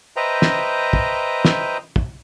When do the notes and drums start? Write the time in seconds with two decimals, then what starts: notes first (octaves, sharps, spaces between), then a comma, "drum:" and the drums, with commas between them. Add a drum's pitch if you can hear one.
0.16 B4 C5 D#5 E5 G5 A#5
0.42 drum: snare
0.93 drum: kick
1.45 drum: snare
1.96 drum: kick